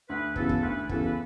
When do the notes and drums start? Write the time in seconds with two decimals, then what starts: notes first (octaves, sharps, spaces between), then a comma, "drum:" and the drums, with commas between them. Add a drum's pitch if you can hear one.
0.09 D2 B4
0.36 C#3 E3 B3 A4, drum: kick
0.49 drum: kick
0.62 D2 B4
0.89 C#3 E3 B3 A4, drum: kick
1.05 B4